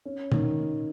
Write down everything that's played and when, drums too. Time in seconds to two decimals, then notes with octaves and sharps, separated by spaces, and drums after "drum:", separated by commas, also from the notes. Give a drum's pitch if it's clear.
0.05 C#4
0.32 D#3, drum: tom